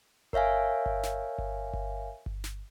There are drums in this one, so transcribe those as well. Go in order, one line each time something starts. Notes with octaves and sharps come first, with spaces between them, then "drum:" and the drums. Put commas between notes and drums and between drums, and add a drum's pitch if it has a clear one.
A#4 C#5 E5 F5 G#5, drum: kick G1
drum: kick G1
drum: snare
drum: kick G1
drum: kick G1
drum: kick G1
drum: snare